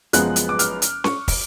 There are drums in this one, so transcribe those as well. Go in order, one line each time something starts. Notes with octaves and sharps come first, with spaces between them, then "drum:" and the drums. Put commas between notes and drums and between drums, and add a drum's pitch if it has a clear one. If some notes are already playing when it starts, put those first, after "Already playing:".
F#1 F#2 F3 G#3 B3 F#6, drum: hi-hat
drum: hi-hat
D6
F6, drum: hi-hat
drum: hi-hat
C#6, drum: snare C#4
drum: kick, open hi-hat